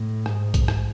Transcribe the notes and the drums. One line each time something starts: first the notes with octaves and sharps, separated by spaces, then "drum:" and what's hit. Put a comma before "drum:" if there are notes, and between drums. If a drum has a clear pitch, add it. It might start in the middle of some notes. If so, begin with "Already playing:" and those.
Already playing: A2
G#2, drum: rim click
drum: kick A#1, hi-hat
drum: rim click